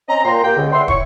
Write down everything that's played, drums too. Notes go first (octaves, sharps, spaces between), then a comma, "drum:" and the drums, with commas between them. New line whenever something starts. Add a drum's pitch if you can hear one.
C4 C#4 D#5 A#5
A#2 G5 A#5 C6
A#3 G4 G5
C#2 D3
B4 D5 E5 F#5 G5 C6
E4 C#5 C#6, drum: kick